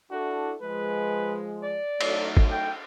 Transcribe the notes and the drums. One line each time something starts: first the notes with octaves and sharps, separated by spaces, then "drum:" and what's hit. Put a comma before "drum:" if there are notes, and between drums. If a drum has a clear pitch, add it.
D4 E4 F#4 A4
F3 G#3 B4
D5
F#3 A3 D#4, drum: cymbal
drum: kick
G5